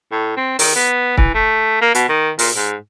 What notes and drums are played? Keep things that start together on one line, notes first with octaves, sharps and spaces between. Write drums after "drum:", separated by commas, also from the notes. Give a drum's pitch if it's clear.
A2
C4
D#3, drum: open hi-hat
B3
E3, drum: kick
A3
A#3
B2, drum: hi-hat
D#3
A#2, drum: open hi-hat
G#2